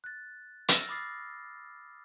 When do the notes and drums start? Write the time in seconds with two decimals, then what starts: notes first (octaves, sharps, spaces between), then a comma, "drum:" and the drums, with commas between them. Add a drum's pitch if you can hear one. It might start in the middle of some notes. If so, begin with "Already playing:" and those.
0.04 F#6 A6
0.69 E6 F6 A6 A#6, drum: hi-hat
0.89 B5 D6 D#6 F6 A6 C7